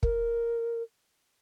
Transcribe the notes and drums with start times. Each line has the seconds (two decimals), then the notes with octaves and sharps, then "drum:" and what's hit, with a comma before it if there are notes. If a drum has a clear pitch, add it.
0.03 A#4, drum: kick